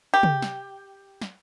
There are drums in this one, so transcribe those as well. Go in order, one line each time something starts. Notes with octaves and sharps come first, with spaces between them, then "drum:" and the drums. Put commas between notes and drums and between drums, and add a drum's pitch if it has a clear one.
G4
drum: tom
drum: snare
drum: snare